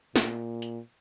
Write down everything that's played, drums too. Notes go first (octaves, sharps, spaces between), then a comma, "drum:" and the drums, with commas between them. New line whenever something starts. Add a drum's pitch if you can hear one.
A#2, drum: snare
drum: hi-hat